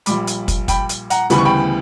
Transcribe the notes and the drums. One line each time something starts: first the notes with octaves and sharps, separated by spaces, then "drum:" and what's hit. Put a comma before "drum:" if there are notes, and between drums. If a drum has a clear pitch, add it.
A#1 A#2 G3 B5 D6, drum: hi-hat
drum: hi-hat
drum: kick, hi-hat
G5 B5, drum: kick, hi-hat
drum: hi-hat
F#5 A#5, drum: hi-hat
D2 C#3 E3 G3 B3 B5, drum: hi-hat
C#6
G5 B5